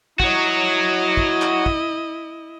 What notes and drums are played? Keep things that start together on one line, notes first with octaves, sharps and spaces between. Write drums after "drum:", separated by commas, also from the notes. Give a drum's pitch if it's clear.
E4 F#4 C#5 D#5, drum: kick
drum: kick
drum: clap
drum: kick